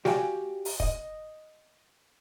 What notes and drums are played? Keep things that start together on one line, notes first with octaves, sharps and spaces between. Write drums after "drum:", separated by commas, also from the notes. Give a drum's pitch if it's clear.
F#4 G4 D5 F5 G5 G#5, drum: snare
drum: open hi-hat
D#5, drum: kick